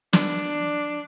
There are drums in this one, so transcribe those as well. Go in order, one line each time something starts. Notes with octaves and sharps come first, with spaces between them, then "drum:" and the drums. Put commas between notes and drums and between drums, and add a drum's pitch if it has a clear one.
D4, drum: snare